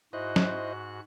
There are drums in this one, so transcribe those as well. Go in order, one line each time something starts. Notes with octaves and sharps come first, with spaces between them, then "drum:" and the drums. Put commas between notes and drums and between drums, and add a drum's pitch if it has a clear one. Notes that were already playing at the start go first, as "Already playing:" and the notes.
G#2 E4 F#4 C5 D#5 F#6
drum: snare